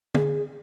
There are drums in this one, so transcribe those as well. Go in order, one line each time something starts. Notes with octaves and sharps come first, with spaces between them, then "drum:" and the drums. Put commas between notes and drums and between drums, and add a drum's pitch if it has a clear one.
G#4, drum: tom